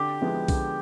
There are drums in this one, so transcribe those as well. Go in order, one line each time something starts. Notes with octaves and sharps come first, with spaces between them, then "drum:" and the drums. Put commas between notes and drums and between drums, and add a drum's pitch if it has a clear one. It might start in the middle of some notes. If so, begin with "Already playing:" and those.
Already playing: D3 G4
F3 G#3 B3 E4
D3, drum: kick B1, open hi-hat